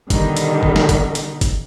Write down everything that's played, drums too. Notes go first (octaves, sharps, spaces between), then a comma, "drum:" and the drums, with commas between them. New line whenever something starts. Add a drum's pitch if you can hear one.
B2 D3 D#3 G3, drum: kick F#1, hi-hat
drum: hi-hat
drum: kick F#1
drum: snare
drum: kick F#1, hi-hat
drum: hi-hat
drum: kick F#1, hi-hat